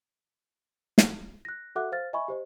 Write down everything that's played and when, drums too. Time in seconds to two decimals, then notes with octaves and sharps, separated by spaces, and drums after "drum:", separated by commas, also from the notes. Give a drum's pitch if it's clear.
0.98 drum: snare
1.45 F#6 A#6
1.76 F#4 A4 E5 F#5 D6 F#6
1.92 C5 F5 F6 A6
2.13 D#5 E5 G#5 B5 C#6
2.28 G4 C5 D#5